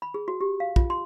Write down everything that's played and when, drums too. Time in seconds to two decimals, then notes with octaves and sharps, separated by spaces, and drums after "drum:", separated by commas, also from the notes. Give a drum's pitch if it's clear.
0.02 B5
0.14 G#4
0.28 F#4
0.41 G4
0.60 F5
0.76 F4, drum: kick
0.90 C6